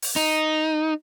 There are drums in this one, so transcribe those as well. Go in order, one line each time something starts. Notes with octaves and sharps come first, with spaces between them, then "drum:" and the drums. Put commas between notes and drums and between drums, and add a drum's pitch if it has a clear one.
drum: open hi-hat
D#4